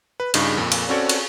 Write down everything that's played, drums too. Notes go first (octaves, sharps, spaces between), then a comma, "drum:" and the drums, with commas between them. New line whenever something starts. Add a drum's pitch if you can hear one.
B4
G2 C#3 D#4, drum: cymbal
F2 A#2
drum: cymbal
C4 C#4 F#4 A4 C#5 D5
drum: cymbal